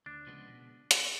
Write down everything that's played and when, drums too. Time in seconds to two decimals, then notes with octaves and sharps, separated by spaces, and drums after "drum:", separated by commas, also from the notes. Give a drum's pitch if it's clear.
0.06 D2 D4
0.27 C#3 F3 G#3 B3
0.47 B2
0.91 drum: hi-hat